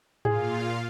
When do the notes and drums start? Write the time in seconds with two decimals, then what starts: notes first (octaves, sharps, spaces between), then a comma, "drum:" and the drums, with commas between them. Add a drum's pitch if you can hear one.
0.25 A#2 F4 G#4 F5, drum: tom G#2